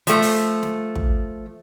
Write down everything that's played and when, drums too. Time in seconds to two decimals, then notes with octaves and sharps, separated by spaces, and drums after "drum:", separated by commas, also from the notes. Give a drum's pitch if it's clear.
0.07 F3 A3, drum: hi-hat
0.22 drum: open hi-hat
0.63 drum: snare
0.95 drum: kick